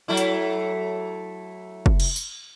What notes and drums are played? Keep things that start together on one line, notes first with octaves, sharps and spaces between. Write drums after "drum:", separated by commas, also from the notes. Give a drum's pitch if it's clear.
F#3 A3 E4
drum: hi-hat
drum: kick
drum: cymbal
drum: tambourine